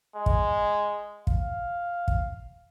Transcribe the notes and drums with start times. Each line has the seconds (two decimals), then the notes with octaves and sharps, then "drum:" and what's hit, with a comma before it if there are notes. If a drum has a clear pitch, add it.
0.16 G#3
0.26 drum: kick
1.27 F5, drum: kick
2.08 drum: kick